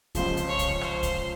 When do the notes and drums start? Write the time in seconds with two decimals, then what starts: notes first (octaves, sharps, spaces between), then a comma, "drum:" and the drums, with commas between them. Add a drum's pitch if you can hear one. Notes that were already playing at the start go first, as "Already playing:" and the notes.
0.15 C#2 C#3 F3 C5, drum: kick, hi-hat
0.37 drum: hi-hat
0.49 C#5
0.59 drum: kick, hi-hat
0.81 C5, drum: rim click
1.03 drum: kick, hi-hat